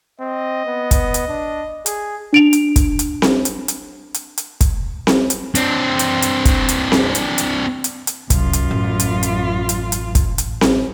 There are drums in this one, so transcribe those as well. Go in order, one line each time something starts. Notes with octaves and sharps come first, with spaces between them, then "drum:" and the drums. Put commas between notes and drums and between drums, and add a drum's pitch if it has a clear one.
C4 D#5
B3
drum: kick, hi-hat
drum: hi-hat
D4
G#4, drum: hi-hat
D4 D7 F7
drum: hi-hat
drum: kick, hi-hat
drum: hi-hat
drum: snare C4
drum: hi-hat
drum: hi-hat
drum: hi-hat
drum: hi-hat
drum: kick, hi-hat
drum: snare C4
drum: hi-hat
C4 D4, drum: hi-hat
drum: hi-hat
drum: hi-hat
drum: kick, hi-hat
drum: hi-hat
drum: snare C4
drum: hi-hat
drum: hi-hat
drum: hi-hat
drum: hi-hat
C2 F#2 F4, drum: kick, hi-hat
drum: hi-hat
A1
drum: hi-hat
drum: hi-hat
drum: hi-hat
drum: hi-hat
drum: kick, hi-hat
drum: hi-hat
drum: snare C4